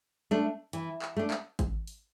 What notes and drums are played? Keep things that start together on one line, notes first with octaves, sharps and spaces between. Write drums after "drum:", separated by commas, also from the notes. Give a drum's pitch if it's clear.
A3 D4
E3, drum: hi-hat
drum: clap
A3 D4
drum: clap
drum: kick G#1, hi-hat
drum: open hi-hat